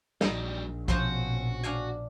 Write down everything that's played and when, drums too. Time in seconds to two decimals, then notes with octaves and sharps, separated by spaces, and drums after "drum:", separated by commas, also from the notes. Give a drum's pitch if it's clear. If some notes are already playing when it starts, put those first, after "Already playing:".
0.21 A#1 F#3 G3 D#4, drum: snare
0.88 B2 F3 C#4 F#4 C5 C6, drum: kick
1.63 D4 F5 G#5